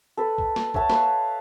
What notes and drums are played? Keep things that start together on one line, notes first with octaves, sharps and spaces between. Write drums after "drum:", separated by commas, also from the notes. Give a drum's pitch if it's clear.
A4 B4
drum: kick
drum: snare
C#5 E5 F#5 A5, drum: kick
B4 D#5 F5, drum: snare